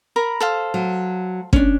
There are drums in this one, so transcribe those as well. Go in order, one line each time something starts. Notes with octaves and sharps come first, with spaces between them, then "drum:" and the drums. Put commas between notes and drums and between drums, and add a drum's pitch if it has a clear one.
A#4 A#5 B5
A4 C5 F5
F#3
C#4 D4, drum: kick